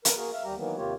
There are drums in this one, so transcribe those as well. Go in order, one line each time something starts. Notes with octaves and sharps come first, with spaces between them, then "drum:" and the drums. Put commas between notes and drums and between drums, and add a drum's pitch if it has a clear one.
A#4 B4, drum: hi-hat
A#3 F#4 G#4 A#4
E5 F5
D#2 G3 G4 A#5
D#3 E3 F#3 A#3 B3
D#2 C3 A#3 F4 G4 C#5